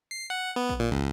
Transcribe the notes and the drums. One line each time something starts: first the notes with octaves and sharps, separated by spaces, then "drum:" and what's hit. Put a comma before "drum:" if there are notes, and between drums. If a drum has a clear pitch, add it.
C7
F#5
B3
drum: kick A1
A#2
C#2